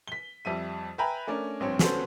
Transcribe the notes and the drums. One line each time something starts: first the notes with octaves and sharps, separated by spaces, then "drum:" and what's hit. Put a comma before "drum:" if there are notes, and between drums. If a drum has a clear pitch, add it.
B6 G7
F2 G3 E5 D#7
B4 E5 G5 G#5 A#5 B5
A3 C#4 D4 A#4
A#1 G2 C4 C#5
B3 C#4 F#4 A4 B4 C5, drum: snare